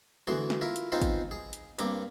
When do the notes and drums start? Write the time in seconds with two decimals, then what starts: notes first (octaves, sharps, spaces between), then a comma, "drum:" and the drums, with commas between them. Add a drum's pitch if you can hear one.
0.27 D2 E3 F#4 G#4 C6
0.50 drum: snare
0.61 E4 F4 A#4
0.76 drum: hi-hat
0.92 B3 C4 D#4 F4 G#4 C5
1.01 drum: kick, hi-hat
1.31 G#4
1.53 drum: hi-hat
1.79 G2 A#3 C4 D6, drum: hi-hat